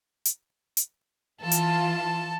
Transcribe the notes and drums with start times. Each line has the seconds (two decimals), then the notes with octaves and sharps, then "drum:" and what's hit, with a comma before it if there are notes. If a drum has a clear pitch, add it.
0.25 drum: hi-hat
0.77 drum: hi-hat
1.41 E3 F4 A4 A5
1.51 drum: hi-hat